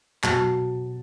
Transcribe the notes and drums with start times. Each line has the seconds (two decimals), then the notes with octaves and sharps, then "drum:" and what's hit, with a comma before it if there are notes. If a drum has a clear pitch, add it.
0.24 B2 F#3 A5, drum: clap